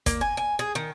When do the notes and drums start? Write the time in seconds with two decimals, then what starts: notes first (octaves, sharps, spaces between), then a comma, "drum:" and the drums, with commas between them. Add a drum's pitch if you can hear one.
0.06 A#3, drum: kick, hi-hat
0.21 G#5
0.37 G#5
0.59 G#4
0.75 D#3